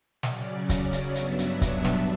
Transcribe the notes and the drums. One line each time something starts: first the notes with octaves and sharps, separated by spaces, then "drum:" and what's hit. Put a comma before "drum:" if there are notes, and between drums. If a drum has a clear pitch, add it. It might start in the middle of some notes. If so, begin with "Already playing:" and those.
C#3 F#3 C#4 D5, drum: snare
D5, drum: kick C#1, hi-hat
drum: hi-hat
G2 F#3 B3 D4 E5, drum: hi-hat
drum: hi-hat
E5, drum: kick C#1, hi-hat
drum: snare